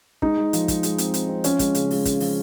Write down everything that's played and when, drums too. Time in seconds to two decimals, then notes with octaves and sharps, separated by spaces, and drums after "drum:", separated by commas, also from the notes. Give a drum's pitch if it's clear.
0.22 G#3 D#4, drum: kick
0.37 G#3
0.53 F3, drum: hi-hat
0.68 G#3, drum: kick, hi-hat
0.83 G#3, drum: hi-hat
0.98 C4, drum: hi-hat
1.14 C4, drum: hi-hat
1.29 C4
1.44 F3 C#4, drum: hi-hat
1.59 G#3, drum: kick, hi-hat
1.75 C#3, drum: hi-hat
1.91 G#3, drum: open hi-hat
2.05 C#3, drum: kick, hi-hat
2.20 F3, drum: open hi-hat